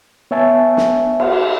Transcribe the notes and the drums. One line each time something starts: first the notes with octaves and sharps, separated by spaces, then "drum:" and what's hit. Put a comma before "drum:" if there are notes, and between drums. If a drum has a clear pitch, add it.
B3 C#5 E5 G#5 A5
drum: snare
drum: cymbal